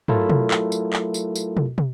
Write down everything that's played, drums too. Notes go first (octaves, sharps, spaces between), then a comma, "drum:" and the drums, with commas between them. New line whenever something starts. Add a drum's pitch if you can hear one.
F#3 A3 E4 F4 A4 A#4, drum: tom
drum: tom
drum: clap
drum: tambourine
drum: clap
drum: tambourine
drum: tambourine
drum: tom
drum: tom